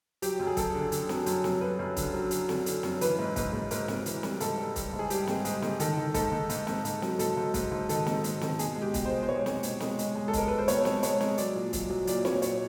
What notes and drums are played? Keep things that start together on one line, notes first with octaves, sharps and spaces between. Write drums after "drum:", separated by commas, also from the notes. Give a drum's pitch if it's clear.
F#3 G4, drum: hi-hat
F#2
G#4
F#2 A4, drum: kick, hi-hat
D3
D3, drum: hi-hat
F#3, drum: snare
F#2, drum: hi-hat
F#2, drum: snare
F#3 B4
F#2
D3, drum: kick, hi-hat
F#3
D3, drum: hi-hat
D3, drum: snare
D3, drum: hi-hat
F#2, drum: snare
E3 B4, drum: hi-hat
G#2
G#2, drum: kick, hi-hat
G#2
G#2 A#4, drum: hi-hat
G#2, drum: snare
E3, drum: hi-hat
G3, drum: snare
G#2 A4, drum: hi-hat
G3
G3, drum: kick, hi-hat
G#2
G#4
G3 G4, drum: hi-hat
G#2, drum: snare
G#2 G#4, drum: hi-hat
G#2, drum: snare
D#3 A4, drum: hi-hat
D#3
G#2 A4, drum: kick, hi-hat
G#2
G#2, drum: hi-hat
G#2, drum: snare
G#2, drum: hi-hat
F#3, drum: snare
G#2 A4, drum: hi-hat
G#2
G#2, drum: kick, hi-hat
G#2
D#3 A4, drum: hi-hat
G#2, drum: snare
G#2, drum: hi-hat
D#3, drum: snare
B2 G#4, drum: hi-hat
G#3
G4
B2, drum: kick, hi-hat
C5
G#3
C5
G#3 C#5
G#3, drum: snare
B2, drum: hi-hat
G#3, drum: snare
G#3, drum: hi-hat
G#3
A4
G#3 A#4, drum: kick, hi-hat
G#3 B4
C5
B2 C#5, drum: hi-hat
G#3, drum: snare
G#3 C#5, drum: hi-hat
G#3, drum: snare
F#3 D5, drum: hi-hat
A#2
F#3, drum: kick, hi-hat
F#3
A#2 D5, drum: hi-hat
A#2 C#5, drum: snare
A#2 C#5, drum: hi-hat